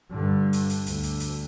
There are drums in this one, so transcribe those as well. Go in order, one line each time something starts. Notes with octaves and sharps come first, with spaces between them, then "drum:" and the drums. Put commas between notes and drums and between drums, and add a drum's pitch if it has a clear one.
G2 D3
drum: hi-hat
drum: hi-hat
D2, drum: hi-hat
drum: hi-hat
drum: hi-hat